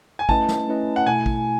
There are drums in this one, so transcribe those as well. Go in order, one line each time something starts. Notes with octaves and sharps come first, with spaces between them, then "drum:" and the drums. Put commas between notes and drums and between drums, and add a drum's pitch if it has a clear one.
G#5
A3 C#4 E4 B4 D#5 A5, drum: kick A1
drum: snare
A3 C#4 E4 B4 D#5
F#5
B2 A3 E4 G#5
drum: kick A1